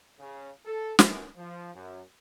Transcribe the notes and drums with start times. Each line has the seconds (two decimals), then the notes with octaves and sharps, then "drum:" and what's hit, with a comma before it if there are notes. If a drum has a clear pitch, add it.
0.20 C#3
0.65 A4
0.99 F#2, drum: snare
1.36 F3
1.74 F#2